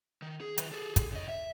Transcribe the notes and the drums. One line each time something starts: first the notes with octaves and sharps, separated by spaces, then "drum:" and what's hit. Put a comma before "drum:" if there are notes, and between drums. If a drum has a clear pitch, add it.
D#3
G#4
D#3 B4, drum: hi-hat
G#4 A4
drum: kick, hi-hat
C#3 D#5
E5